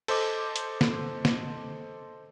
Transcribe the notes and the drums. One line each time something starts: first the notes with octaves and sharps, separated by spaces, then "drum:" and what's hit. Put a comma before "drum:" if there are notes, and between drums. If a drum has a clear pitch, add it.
A4 C5 D#5 D6, drum: cymbal
drum: hi-hat
drum: snare
drum: snare